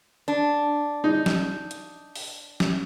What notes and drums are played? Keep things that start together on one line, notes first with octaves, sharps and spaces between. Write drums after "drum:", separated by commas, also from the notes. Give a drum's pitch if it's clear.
D4
D#4
drum: snare
drum: hi-hat
drum: open hi-hat
drum: snare